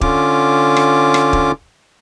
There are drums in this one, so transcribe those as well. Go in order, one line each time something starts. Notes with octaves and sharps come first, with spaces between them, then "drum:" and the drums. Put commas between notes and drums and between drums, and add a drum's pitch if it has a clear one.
D3 C#4 F4 D6, drum: kick
drum: rim click
drum: rim click
drum: kick